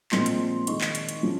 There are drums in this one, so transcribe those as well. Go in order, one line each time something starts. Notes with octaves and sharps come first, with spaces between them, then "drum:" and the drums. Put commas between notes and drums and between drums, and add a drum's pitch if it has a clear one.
A#2 F3 G#3 C4 C6, drum: clap
drum: hi-hat
D#3 G#3 D#4 C#6, drum: hi-hat
drum: clap
drum: hi-hat
drum: hi-hat
F3 G#3 C#4